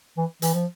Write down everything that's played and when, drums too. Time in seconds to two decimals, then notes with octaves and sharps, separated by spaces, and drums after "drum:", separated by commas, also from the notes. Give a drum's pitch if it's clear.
0.17 E3
0.42 E3, drum: hi-hat
0.54 F3